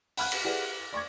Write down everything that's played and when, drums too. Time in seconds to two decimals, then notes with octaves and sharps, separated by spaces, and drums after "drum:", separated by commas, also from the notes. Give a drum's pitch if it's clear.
0.17 F#5 B5 F6 F#6, drum: open hi-hat
0.32 drum: cymbal
0.44 E4 G4 G#4 B4 D5 F#5
0.93 D5 C#6 D6 G#6